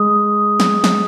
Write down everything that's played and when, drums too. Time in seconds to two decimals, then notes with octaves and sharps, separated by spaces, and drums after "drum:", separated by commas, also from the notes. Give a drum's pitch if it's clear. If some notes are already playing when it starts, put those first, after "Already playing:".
Already playing: G#3 D#6
0.60 drum: snare
0.84 drum: snare